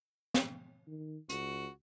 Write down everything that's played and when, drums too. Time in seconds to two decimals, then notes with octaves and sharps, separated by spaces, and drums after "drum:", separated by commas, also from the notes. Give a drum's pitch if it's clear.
0.34 drum: snare
0.87 D#3
1.29 C#2 F#4, drum: hi-hat